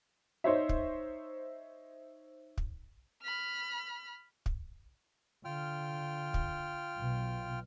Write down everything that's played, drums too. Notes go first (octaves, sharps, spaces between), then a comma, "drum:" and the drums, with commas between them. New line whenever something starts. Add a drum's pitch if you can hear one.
D#4 C5 C#5 E5
drum: kick
drum: kick
B5 F6
drum: kick
D3 F4 G5 F6
drum: kick
B1 B2